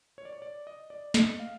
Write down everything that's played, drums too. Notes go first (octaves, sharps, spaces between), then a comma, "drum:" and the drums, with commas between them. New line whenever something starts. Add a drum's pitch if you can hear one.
C#5
D5
C#5
D5
D#5
D5
D#5, drum: snare
F5